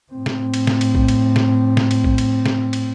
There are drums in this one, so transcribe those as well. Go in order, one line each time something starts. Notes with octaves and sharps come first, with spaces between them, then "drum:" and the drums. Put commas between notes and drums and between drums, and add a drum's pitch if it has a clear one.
A2 C4
drum: snare
drum: cymbal
drum: snare
drum: cymbal
drum: kick A#1
drum: cymbal
drum: snare
drum: snare
drum: cymbal
drum: kick A#1
drum: cymbal
drum: snare
drum: cymbal